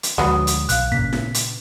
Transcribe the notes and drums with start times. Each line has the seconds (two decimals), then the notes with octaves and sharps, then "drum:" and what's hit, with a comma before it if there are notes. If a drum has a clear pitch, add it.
0.03 drum: hi-hat
0.18 D2 D3 F3 F#3 G#3 B4 D#6
0.47 drum: hi-hat
0.69 B1 F5 F#6, drum: hi-hat
0.92 A#2 C#3 A#3 B6, drum: kick
1.13 drum: snare E4
1.34 drum: hi-hat